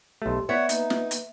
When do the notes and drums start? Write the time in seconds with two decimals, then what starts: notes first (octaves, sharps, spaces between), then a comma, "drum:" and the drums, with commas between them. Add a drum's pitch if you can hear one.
0.22 B1 A3 G4 C6
0.49 B3 C#5 D5 E5 F#5
0.69 A#3 D#4 B4, drum: hi-hat
0.90 drum: snare
1.11 drum: hi-hat